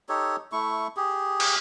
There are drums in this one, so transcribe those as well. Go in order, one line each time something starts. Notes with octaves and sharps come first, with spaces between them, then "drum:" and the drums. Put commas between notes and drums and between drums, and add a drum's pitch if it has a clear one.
D#4 G4 A4 C#5
A3 E4 C#6
G4 G#4
drum: cymbal